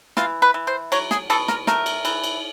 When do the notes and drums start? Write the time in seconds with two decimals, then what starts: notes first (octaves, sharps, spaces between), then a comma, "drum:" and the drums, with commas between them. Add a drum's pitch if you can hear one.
0.17 E3 F4, drum: snare
0.42 B4
0.54 E3
0.67 C5
0.92 F#3 C#5, drum: cymbal
1.11 G#4, drum: snare
1.30 B2 A4, drum: cymbal
1.48 A#4, drum: snare
1.67 A3 A#4, drum: snare
1.86 drum: cymbal
2.05 E3, drum: cymbal
2.24 drum: cymbal